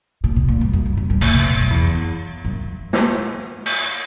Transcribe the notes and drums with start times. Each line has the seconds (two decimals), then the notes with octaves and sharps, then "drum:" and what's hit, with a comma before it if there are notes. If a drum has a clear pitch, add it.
0.24 A#2
0.36 B2
0.48 A#2
0.61 G2
0.73 F#2
0.86 F#2
0.97 F#2
1.10 F#2
1.21 A#2, drum: cymbal
1.34 B2
1.60 F#2
1.70 E2
2.45 F#2
2.93 drum: snare
3.66 drum: cymbal